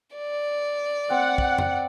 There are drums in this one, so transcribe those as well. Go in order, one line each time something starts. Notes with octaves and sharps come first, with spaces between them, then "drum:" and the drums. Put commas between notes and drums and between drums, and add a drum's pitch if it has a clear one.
D5
C4 F#5
drum: kick
drum: tom F2